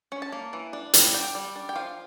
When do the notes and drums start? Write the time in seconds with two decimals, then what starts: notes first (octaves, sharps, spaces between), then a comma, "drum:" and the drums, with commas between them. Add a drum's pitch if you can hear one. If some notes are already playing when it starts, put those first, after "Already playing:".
0.12 C#4
0.22 A5
0.32 A#3
0.53 E3
0.73 D4
0.94 G3, drum: hi-hat
1.14 D4 G5
1.35 G3
1.56 D4
1.69 G5
1.76 F3 F5